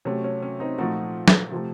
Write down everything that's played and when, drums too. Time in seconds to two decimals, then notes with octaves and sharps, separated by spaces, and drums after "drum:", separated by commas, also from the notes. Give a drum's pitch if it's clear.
0.05 C3 F#3 A3 C#4
0.24 C#4
0.42 C#4
0.60 C4 D#4
0.78 A#2 F3 A3 D#4 F#4
1.28 drum: snare
1.51 C3 F3 A3